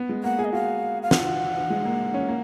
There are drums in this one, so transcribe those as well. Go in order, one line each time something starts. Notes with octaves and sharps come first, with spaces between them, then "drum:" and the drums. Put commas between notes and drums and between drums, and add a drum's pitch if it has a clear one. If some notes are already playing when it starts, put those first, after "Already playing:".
Already playing: B3
G#3
A#3 F#5
G#4
D#5
F#4 F5
F5
F4 F#5, drum: snare
F#4
F4
F#4
G#3
A#3
C#4
A#3